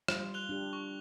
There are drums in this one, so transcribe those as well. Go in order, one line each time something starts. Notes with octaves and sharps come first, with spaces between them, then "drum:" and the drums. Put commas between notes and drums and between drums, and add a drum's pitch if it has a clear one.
G3 F4, drum: rim click
F#6 F7 G7
D4 G4
C#6